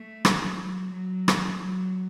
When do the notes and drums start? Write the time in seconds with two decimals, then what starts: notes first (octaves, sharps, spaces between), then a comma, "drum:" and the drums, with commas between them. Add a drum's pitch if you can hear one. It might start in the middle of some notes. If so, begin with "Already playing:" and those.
Already playing: A3
0.25 F#3, drum: rim click
0.93 F#3
1.28 drum: rim click
1.62 F#3